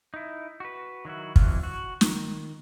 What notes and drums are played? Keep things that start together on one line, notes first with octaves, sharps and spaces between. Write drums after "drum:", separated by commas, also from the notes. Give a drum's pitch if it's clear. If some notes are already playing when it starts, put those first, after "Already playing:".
D#4 E4
F#4 B4
D#3 F#3 E4 F#4
F2 E3 F#3 F4, drum: kick
F#4
D#3, drum: snare